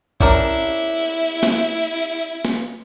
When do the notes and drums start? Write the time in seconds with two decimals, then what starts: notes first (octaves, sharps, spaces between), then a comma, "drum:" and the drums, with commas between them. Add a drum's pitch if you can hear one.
0.21 C#4 D4 E4 A#4, drum: kick
1.43 drum: snare
2.45 drum: snare